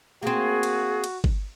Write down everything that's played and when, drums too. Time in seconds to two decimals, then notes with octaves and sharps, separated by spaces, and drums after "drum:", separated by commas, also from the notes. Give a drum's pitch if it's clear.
0.23 A#3 C4 F#4 G#4
0.63 drum: cymbal
1.04 drum: cymbal
1.24 drum: kick G1